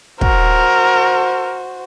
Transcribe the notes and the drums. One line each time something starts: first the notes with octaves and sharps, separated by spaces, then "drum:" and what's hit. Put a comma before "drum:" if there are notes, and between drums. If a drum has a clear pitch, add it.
F#4 A#4 C5, drum: kick